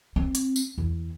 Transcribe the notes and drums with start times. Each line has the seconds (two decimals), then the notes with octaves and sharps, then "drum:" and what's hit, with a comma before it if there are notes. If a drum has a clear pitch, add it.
0.16 C4
0.35 drum: hi-hat
0.56 drum: tambourine
0.78 E2